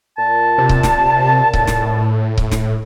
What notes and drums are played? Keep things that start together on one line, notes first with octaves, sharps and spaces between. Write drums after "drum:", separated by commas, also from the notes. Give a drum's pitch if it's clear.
A#2 A5
C3
drum: kick C#1
drum: snare
A2, drum: kick C#1
drum: snare
drum: kick C#1
drum: snare